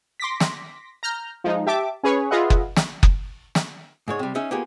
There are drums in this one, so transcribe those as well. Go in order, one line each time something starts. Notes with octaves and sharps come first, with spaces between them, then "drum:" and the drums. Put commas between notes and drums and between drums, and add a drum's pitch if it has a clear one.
C6 D6 A#6 B6
drum: snare
A#5 F6 G6
F3 G#3 D#4
G4 E5 A5 D6
C#4 G#4 B4 C#5
F4 G#4 B4 D#5 E5 F#5
drum: kick F#1
drum: snare
drum: kick F#1
drum: snare
G#2 G#3 C#5
C3 G3
C#4 D#4 G#4 E5
A#3 B3 F4 G4 G#4